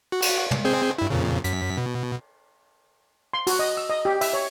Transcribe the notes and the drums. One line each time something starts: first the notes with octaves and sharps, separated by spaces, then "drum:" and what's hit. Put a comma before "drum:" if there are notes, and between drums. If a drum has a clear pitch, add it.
F#4
drum: cymbal
drum: tom
C4 G#4 C5
G2 E4
F2 A#2 C#3
F#2 B6, drum: hi-hat
B2
C6
F#4, drum: open hi-hat
D#5
E6
D#5
G4
E5, drum: open hi-hat
C#5